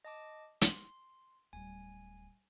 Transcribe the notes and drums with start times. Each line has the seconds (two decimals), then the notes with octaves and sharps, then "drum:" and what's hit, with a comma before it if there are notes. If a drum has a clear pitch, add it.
0.05 D#5 A5 D6
0.61 C6, drum: hi-hat
1.53 D1 G3 G#5